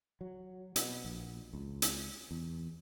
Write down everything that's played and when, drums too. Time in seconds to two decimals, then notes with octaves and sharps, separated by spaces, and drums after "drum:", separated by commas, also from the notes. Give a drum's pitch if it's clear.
0.21 F#3
0.76 B2, drum: hi-hat
1.05 A#1
1.53 C#2
1.82 drum: hi-hat
2.31 E2